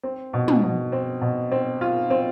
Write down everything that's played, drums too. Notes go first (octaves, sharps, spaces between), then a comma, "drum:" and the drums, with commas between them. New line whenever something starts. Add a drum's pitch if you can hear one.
C4
B2
drum: tom
B2
C4
B2
C4
F4
C4